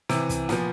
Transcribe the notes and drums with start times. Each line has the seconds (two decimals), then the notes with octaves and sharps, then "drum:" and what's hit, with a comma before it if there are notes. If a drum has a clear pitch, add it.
0.09 C3 E3, drum: snare
0.29 drum: kick, hi-hat
0.49 A#2 F3 B3, drum: snare